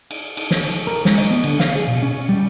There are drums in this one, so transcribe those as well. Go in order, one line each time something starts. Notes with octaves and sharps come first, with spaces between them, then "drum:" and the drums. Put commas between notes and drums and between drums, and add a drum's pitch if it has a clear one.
drum: cymbal
drum: cymbal
drum: snare
drum: cymbal
A#4
G#3, drum: snare
D#5, drum: cymbal
B3
D3, drum: cymbal
F5, drum: snare
G#4
B2
C#4
G3